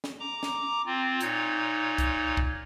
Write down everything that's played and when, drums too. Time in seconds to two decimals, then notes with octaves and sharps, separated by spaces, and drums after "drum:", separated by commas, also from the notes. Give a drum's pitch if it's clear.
0.04 drum: snare
0.20 A#5 D6
0.43 drum: snare
0.86 C4 F4
1.21 A#2 D#4 C#5, drum: hi-hat
1.98 drum: kick C2, hi-hat
2.37 drum: kick C2